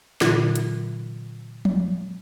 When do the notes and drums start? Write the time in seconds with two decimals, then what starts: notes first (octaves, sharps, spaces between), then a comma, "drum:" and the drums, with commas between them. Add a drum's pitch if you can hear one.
0.21 A#2 D3 E3 F#3 F4 G#6, drum: snare
0.56 drum: hi-hat
1.65 drum: tom F3